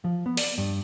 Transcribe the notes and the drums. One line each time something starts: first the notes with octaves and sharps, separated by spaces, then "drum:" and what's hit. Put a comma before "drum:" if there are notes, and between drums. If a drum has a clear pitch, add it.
F3
B3
D5, drum: open hi-hat
G2